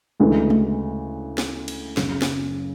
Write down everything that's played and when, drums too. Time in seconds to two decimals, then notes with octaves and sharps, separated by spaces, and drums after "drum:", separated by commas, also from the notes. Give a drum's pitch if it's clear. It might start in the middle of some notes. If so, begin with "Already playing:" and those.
0.20 D2 C#3 E3 G#3
0.50 drum: tom G#3
1.38 drum: snare
1.68 drum: cymbal
1.97 F#1 F#2 C#3, drum: snare
2.22 drum: snare